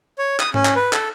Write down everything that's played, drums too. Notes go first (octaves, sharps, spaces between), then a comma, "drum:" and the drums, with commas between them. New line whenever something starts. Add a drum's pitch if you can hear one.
C#5
D#6, drum: clap
C#4, drum: tom G#2
drum: clap
B4
A4, drum: clap